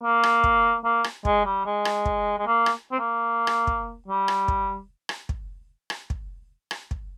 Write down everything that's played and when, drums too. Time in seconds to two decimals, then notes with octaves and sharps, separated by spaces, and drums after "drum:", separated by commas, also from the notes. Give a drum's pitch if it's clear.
0.04 A#3
0.23 drum: rim click
0.44 drum: kick
0.84 A#3
1.04 drum: rim click
1.25 G#3, drum: kick
1.45 G3
1.65 G#3
1.85 drum: rim click
2.06 drum: kick
2.38 G#3
2.47 A#3
2.66 drum: rim click
2.91 C4
2.99 A#3
3.47 drum: rim click
3.67 drum: kick
4.08 G3
4.28 drum: rim click
4.48 drum: kick
5.09 drum: rim click
5.29 drum: kick
5.90 drum: rim click
6.10 drum: kick
6.71 drum: rim click
6.91 drum: kick